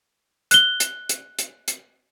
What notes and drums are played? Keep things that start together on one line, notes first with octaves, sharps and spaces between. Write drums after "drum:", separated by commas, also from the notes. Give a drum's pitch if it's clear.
F#6 G7, drum: hi-hat
drum: hi-hat
drum: hi-hat
drum: hi-hat
drum: hi-hat